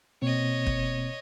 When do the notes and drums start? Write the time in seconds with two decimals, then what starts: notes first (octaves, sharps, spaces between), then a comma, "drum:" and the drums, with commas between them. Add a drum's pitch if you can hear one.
0.22 B2 A#3 C4 C#5 D#5
0.66 drum: kick